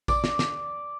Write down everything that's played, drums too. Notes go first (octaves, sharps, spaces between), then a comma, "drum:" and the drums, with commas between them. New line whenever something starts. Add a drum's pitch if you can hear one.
D5, drum: kick A1, tambourine
drum: snare
drum: snare